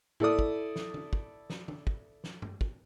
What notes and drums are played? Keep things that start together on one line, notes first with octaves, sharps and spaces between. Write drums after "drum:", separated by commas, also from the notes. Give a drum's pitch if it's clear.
E4 A4 D5 D#6, drum: tom A2
drum: kick
drum: snare
drum: tom D#3
drum: kick
drum: snare
drum: tom D#3
drum: kick
drum: snare
drum: tom G2
drum: kick